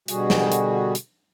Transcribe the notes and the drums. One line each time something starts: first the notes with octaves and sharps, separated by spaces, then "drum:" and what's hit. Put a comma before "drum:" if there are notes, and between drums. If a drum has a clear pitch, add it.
B2 D3 G3 F#4 G#4, drum: hi-hat
drum: snare
drum: hi-hat
drum: hi-hat